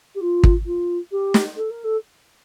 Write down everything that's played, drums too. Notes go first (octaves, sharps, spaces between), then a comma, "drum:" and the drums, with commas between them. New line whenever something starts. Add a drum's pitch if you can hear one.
G4
F4
drum: kick
F4
G4
drum: snare
A4
A#4
A4